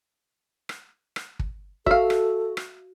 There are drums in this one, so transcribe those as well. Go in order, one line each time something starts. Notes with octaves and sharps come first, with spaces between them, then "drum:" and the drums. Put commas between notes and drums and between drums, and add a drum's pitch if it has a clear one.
drum: rim click
drum: rim click
drum: kick
F#4 A4 E5 F5, drum: kick
drum: rim click
drum: rim click